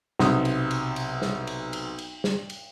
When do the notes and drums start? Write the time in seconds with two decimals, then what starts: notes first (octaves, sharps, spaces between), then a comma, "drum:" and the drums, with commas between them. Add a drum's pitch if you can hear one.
0.19 B1 C3 D#6, drum: snare
0.45 drum: cymbal
0.71 drum: cymbal
0.96 drum: cymbal
1.22 drum: snare
1.47 drum: cymbal
1.73 drum: cymbal
1.98 drum: cymbal
2.24 drum: snare
2.50 drum: cymbal